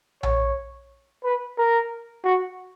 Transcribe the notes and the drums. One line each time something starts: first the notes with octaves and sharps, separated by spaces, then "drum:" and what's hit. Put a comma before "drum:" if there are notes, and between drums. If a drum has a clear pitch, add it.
C#5, drum: tom A#1
B4
A#4
F#4